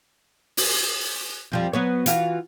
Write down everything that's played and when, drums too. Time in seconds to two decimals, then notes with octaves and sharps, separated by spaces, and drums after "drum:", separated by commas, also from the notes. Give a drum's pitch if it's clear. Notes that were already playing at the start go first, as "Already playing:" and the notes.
0.57 drum: open hi-hat
1.52 F2 F3 G3
1.73 F#3 B3 C#5
2.06 E3 F4 F#4, drum: hi-hat